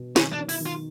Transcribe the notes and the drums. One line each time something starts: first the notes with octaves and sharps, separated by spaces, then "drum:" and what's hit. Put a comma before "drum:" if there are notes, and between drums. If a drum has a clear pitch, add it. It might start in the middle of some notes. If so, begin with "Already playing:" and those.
Already playing: B2
D#3 C#4, drum: snare
D4
D#3
E4, drum: open hi-hat
D#3
F4